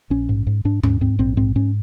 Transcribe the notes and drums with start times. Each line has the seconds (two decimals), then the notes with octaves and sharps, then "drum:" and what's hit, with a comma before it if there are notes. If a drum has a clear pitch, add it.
0.10 A#1 C#4
0.29 G#2
0.47 G#2
0.65 G#2 D4
0.83 G#2 C#4, drum: tom D#2
1.01 G#2 C4
1.19 A#1 C4
1.37 G#2 C4
1.56 G#2 C#4